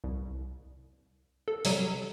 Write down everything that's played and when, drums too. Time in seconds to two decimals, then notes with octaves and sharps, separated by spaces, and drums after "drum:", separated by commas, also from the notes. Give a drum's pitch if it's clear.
0.04 C2
1.48 A4
1.65 C3 F#3 G3, drum: open hi-hat